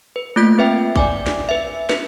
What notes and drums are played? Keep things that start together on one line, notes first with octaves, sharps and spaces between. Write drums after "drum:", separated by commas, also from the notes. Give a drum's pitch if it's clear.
B4
A3 A#3 F4 G6 G#6 B6
C4 B4 E5 G5
D5 G#5 D6, drum: kick A1
drum: snare
B4 E5
B4, drum: snare